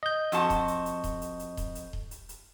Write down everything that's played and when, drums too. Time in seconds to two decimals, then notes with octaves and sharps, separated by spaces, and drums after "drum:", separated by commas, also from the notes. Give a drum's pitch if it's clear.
0.03 D#5 G6
0.32 F2 F#4 A5, drum: hi-hat
0.50 drum: kick D#1, hi-hat
0.68 drum: hi-hat
0.86 drum: hi-hat
1.04 drum: kick D#1, hi-hat
1.22 drum: hi-hat
1.39 drum: hi-hat
1.57 drum: kick D#1, hi-hat
1.75 drum: hi-hat
1.93 drum: kick D#1
2.11 drum: hi-hat
2.29 drum: hi-hat